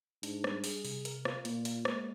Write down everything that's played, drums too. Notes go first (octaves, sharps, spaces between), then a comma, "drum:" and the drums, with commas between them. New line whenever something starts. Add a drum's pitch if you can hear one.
G#2 D4, drum: hi-hat
G3, drum: rim click
G#4, drum: open hi-hat
C3, drum: open hi-hat
A#4, drum: hi-hat
F4, drum: rim click
A#2 A#3, drum: hi-hat
A#3, drum: hi-hat
G#3, drum: rim click